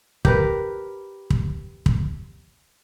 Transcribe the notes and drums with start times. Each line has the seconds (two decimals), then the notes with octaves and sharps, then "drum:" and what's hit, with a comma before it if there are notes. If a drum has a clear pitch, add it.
0.25 G4 A#4 B4, drum: kick
1.30 drum: kick
1.86 drum: kick